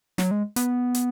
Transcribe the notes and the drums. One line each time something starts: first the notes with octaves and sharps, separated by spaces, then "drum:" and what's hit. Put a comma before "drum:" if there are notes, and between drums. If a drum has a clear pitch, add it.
F#3, drum: snare
G#3
B3, drum: hi-hat
drum: hi-hat